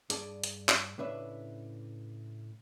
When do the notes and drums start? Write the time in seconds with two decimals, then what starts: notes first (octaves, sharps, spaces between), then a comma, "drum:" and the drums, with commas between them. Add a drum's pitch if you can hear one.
0.10 G2 G#4 D5 A5, drum: hi-hat
0.44 drum: hi-hat
0.69 drum: clap
0.98 A2 C#3 D4 B4 E5